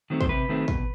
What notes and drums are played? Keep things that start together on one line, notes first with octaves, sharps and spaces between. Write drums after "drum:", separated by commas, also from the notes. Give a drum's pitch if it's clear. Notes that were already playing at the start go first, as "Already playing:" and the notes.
D#3 F#3 A3 C4
C5, drum: kick
C3 B4
D#3 F#3 A3 C4
B2, drum: kick